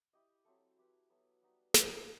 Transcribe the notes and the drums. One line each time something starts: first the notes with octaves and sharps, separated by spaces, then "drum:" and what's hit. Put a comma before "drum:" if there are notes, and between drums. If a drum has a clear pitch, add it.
E4 G4 D#5
F#3 C4 E4 A4
E4 G4 B4
F#3 B3 E4 A4
G3 D#4 F#4 B4
B3 E4 G4 D#5, drum: snare